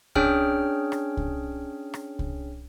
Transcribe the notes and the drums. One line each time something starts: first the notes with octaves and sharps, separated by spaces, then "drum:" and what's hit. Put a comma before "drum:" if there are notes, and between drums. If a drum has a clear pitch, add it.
C#4 D4 G#4 C#5 G5 F6, drum: kick C2
drum: rim click
drum: kick C2
drum: rim click
drum: kick C2